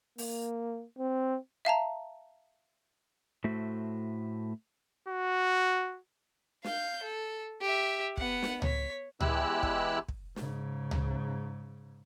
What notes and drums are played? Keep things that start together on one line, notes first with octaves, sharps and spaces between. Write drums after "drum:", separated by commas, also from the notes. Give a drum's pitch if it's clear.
A#3, drum: open hi-hat
C4
E5 F5 A5 A#5
A2 A3 F#4 C5 E5
F#4
F5 G6, drum: snare
A4
G4 E5
B3 F#5, drum: kick
drum: snare
C#5 B6, drum: tom C#2
E2 G#3 E4 G4 E6 F#6, drum: tom C#2
drum: kick
drum: kick
G#2 C#3, drum: snare
drum: tom C#2